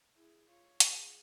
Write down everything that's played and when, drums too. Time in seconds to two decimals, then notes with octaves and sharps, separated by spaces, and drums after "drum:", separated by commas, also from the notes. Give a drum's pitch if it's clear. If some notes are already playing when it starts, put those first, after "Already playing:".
0.16 E4 G#4
0.48 F4 C#5
0.80 F4 G#4, drum: hi-hat